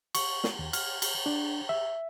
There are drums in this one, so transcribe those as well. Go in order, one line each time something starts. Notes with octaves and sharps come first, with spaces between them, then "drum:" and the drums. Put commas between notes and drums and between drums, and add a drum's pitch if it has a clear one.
C#6, drum: cymbal
drum: snare
D#2
F6, drum: cymbal
drum: cymbal
D4
E5